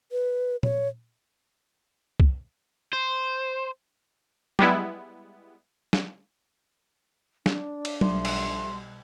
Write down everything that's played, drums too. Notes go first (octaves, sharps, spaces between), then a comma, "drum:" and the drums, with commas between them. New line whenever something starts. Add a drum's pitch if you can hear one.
B4
C#5, drum: tom A#2
drum: kick C2
C5
G3 G#3 B3 E4, drum: tom F#3
drum: snare
D4, drum: snare
drum: cymbal
B1 F3 G3 A3 C6, drum: tom F#3
drum: cymbal